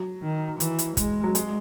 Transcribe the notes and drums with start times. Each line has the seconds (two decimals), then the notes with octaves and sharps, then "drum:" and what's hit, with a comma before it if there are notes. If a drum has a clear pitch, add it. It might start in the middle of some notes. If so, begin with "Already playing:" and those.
Already playing: F#3
0.22 D#3
0.60 E3, drum: hi-hat
0.79 drum: hi-hat
0.97 G#3, drum: kick, hi-hat
1.24 F#3
1.35 G#3, drum: hi-hat